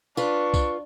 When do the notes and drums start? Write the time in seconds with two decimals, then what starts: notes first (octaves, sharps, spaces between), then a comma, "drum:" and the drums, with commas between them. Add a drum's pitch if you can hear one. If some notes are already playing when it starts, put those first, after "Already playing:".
0.17 D4 F4 B4 C#6, drum: tambourine
0.54 drum: kick B1, tambourine